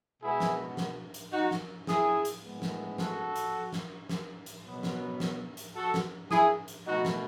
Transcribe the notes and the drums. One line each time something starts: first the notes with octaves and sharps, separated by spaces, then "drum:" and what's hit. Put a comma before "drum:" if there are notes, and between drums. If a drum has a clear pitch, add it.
B2 G#3 B3 E4 G#4
drum: snare
drum: snare
drum: hi-hat
D#4 F#4
drum: snare
E4 G#4, drum: snare
drum: hi-hat
A2 G#3 B3
drum: snare
F#4 A4, drum: snare
drum: hi-hat
drum: snare
drum: snare
drum: hi-hat
B2 F#3 B3
drum: snare
drum: snare
drum: hi-hat
F#4 A4
drum: snare
E4 G#4, drum: snare
drum: hi-hat
B2 A3 D#4 F#4
drum: snare